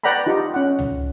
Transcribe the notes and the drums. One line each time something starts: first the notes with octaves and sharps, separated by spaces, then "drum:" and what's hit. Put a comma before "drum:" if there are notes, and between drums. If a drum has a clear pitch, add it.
B4 D5 F#5 G5 A#5 B5
D#4 F4 G4
C#4 F#5
drum: tom C#2